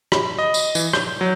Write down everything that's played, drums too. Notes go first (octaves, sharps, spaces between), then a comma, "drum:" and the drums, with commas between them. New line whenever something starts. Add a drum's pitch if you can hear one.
B5, drum: rim click
D#5
drum: tambourine
E3, drum: tambourine
G6, drum: rim click
F#3